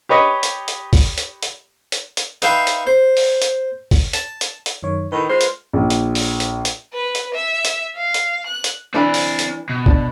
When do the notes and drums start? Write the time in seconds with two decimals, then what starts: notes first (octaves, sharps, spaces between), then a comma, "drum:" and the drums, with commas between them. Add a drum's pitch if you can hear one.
0.09 G4 B4 C#5 D#5
0.43 drum: hi-hat
0.68 drum: hi-hat
0.93 drum: kick, open hi-hat
1.18 drum: hi-hat
1.43 drum: hi-hat
1.92 drum: hi-hat
2.17 drum: hi-hat
2.42 D#4 B4 E5 F5 G5 C6, drum: hi-hat
2.67 drum: hi-hat
2.87 C5
3.17 drum: open hi-hat
3.42 drum: hi-hat
3.91 drum: kick, open hi-hat
4.13 A5, drum: hi-hat
4.41 drum: hi-hat
4.66 drum: hi-hat
4.83 F#2 D#3 C#5
5.12 A2 D#3 B4
5.29 G#3 F4 C5
5.41 drum: hi-hat
5.73 A#1
5.90 drum: hi-hat
6.15 drum: open hi-hat
6.40 drum: hi-hat
6.65 drum: hi-hat
6.93 B4
7.15 drum: hi-hat
7.34 E5
7.65 drum: hi-hat
7.96 F5
8.14 drum: hi-hat
8.46 F#6
8.64 drum: hi-hat
8.94 E3 C4 D4 D5 B5
9.14 drum: open hi-hat
9.39 drum: hi-hat
9.69 B2
9.86 D4, drum: kick